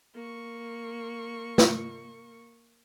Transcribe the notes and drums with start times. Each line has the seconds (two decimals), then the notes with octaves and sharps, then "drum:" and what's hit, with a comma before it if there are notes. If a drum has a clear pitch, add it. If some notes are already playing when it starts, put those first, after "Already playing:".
0.14 A#3 C#6
1.58 drum: snare